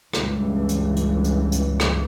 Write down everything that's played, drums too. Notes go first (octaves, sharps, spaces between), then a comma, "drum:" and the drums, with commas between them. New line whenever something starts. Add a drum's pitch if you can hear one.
C#2 G2 E3, drum: rim click
drum: hi-hat
drum: hi-hat
drum: hi-hat
drum: hi-hat
drum: rim click